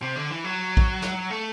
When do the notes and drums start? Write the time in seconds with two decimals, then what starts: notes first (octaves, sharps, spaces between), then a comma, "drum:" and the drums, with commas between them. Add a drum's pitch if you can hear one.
0.02 C3
0.16 D3
0.30 E3
0.44 F#3
0.77 drum: kick
1.02 drum: snare
1.30 A3